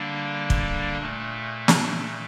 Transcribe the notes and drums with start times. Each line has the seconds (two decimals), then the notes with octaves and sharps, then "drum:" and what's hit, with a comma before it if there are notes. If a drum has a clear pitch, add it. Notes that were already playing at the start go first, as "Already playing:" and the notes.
Already playing: D3 G3 A#3 D4
0.50 drum: kick
0.97 A#2 A3
1.68 D4, drum: snare